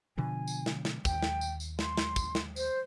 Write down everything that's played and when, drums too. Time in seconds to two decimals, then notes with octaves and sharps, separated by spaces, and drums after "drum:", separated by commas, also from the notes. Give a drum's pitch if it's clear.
0.18 B2 D3 F3 G#5
0.47 drum: tambourine
0.66 drum: snare
0.85 drum: snare
1.05 D#2 G5, drum: kick, tambourine
1.22 drum: snare
1.41 drum: tambourine
1.60 drum: tambourine
1.79 C6, drum: snare
1.97 drum: snare
2.16 drum: kick, tambourine
2.35 drum: snare
2.56 C5, drum: tambourine